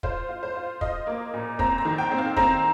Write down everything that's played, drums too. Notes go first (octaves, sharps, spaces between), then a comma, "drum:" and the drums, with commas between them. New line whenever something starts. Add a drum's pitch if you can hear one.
F4 C5, drum: kick
F4
C5
F4
F4 D#5, drum: kick
A#3
A#2
C4 A#5, drum: kick
A#5
D#3
G5
C4
F5
C4 A#5, drum: kick